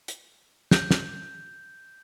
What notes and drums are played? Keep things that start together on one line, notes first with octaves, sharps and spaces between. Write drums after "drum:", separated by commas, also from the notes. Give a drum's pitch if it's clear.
drum: hi-hat
G6, drum: snare
drum: snare